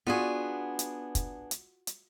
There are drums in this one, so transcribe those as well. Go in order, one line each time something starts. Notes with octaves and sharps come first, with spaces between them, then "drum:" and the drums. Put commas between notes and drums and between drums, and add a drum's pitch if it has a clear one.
B3 D4 F4 F#4 G#4
drum: hi-hat
drum: kick, hi-hat
drum: hi-hat
drum: hi-hat